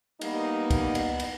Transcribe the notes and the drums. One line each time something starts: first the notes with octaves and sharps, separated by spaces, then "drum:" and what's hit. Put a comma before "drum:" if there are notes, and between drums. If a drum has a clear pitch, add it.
G3 A#3 B3 D#4, drum: cymbal
drum: kick, cymbal
drum: cymbal
drum: cymbal